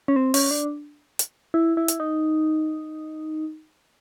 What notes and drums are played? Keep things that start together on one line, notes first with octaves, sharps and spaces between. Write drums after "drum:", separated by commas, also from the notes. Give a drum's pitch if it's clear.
C#4
C4
C#4, drum: open hi-hat
D4
drum: hi-hat
E4
E4
drum: hi-hat
D#4